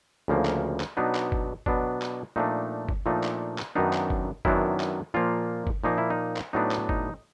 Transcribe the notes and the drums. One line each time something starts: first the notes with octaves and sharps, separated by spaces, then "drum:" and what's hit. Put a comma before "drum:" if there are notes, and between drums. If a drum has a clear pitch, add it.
D2 C#3 F3 A#3
drum: clap
drum: clap
B2 F#3 B3 D4 D#4
drum: clap
drum: kick G1
B2 F#3 B3 D4, drum: kick G1
drum: clap
A#2 F3 A3 D4 D#4
drum: kick G1
A#2 F3 A3 D4 D#4
drum: clap
drum: clap
F#2 D#3 F#3 B3 D4 D#4
drum: clap
drum: kick G1
F#2 D#3 F#3 B3 D4 E4, drum: kick G1
drum: clap
A#2 F3 A#3 F4
drum: kick G1
A#2 F3 A#3 D#4
E4
D#4
drum: clap
A2 F#3 B3 D4 D#4
drum: clap
D#4, drum: kick G1